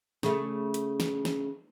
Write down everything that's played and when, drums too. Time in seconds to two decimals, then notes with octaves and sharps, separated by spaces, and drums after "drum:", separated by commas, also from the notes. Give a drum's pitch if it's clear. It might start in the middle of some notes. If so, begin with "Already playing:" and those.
0.23 C#3 A3, drum: snare
0.74 drum: hi-hat
1.00 drum: snare
1.25 drum: snare